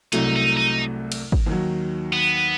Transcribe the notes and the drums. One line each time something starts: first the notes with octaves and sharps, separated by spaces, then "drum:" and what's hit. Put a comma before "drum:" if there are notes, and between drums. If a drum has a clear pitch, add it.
C2 C3 F#3 A3 D#4, drum: hi-hat
D#4
D#4
drum: cymbal
drum: kick
D#2 D#3 F#3
B3